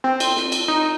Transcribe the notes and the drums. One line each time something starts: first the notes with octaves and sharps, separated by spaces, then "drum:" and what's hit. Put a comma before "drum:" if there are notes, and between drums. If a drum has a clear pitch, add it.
C4
drum: cymbal
drum: snare
drum: cymbal
D#4